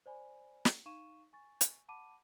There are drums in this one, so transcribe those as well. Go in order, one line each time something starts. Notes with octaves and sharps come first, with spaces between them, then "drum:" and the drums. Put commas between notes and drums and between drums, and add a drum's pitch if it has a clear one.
C5 D5 G#5 B5
drum: snare
D#4 F5 C#6 D#7 E7
G#5 C#6 A6
drum: hi-hat
F#5 A5 B5 D6 D#7